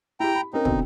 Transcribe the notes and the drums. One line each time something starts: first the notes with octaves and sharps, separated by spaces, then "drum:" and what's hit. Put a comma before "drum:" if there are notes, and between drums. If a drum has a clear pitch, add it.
E4 G4 G5 A#5
B5
C4 C#4 D#4 A#4
B2 D3 C4, drum: kick